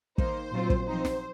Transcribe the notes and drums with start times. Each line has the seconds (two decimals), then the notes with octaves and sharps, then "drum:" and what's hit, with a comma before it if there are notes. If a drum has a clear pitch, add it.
0.18 D#3 A#3 D#4 C5, drum: kick
0.52 A#2 F#3 C4 F4
0.70 drum: kick
0.87 F3 C4 D#4 C5
1.05 drum: snare